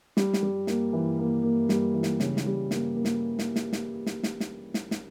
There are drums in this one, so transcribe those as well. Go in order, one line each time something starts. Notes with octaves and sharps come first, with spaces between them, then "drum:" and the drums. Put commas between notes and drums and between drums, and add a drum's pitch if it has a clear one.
G3, drum: snare
drum: snare
G3
A#3, drum: snare
E3
A#3
A#3
G3, drum: snare
E3
drum: snare
C#3, drum: snare
drum: snare
G3
A#3, drum: snare
A#3
drum: snare
drum: snare
drum: snare
drum: snare
drum: snare
drum: snare
drum: snare
drum: snare
drum: snare